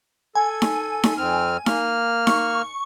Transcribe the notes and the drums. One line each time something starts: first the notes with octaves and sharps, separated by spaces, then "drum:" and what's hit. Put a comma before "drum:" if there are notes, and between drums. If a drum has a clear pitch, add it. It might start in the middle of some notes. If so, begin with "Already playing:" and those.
A4 G#5
drum: snare D#4
drum: snare D#4
F2 C4 F6
A#3 F6, drum: snare D#4
C#6, drum: snare D#4